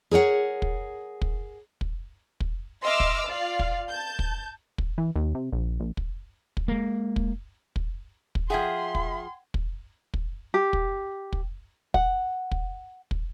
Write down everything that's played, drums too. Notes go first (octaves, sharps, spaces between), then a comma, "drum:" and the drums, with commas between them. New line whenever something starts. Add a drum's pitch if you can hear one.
G#4 A#4 C#5 F#5
drum: kick
drum: kick
drum: kick
drum: kick
D#5 E5 C6 D6 E6 F6
drum: kick
F4 D5 F5
drum: kick
A5 G6
drum: kick
drum: kick
E3
D#2
C3
A#1
A#1
drum: kick
drum: kick
G#3 A#3
drum: kick
drum: kick
drum: kick
F3 G#4 E5 F#5 G5 C6 G#6
drum: kick
drum: kick
drum: kick
G4
drum: kick
drum: kick
F#5, drum: kick
drum: kick
drum: kick